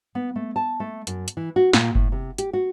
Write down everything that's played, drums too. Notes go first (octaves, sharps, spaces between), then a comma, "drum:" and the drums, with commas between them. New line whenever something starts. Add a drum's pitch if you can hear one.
B3
A3
A5
A3
F#2, drum: hi-hat
drum: hi-hat
E3
F#4
A#2, drum: snare
A2, drum: kick F#1
C3
G4, drum: hi-hat
F#4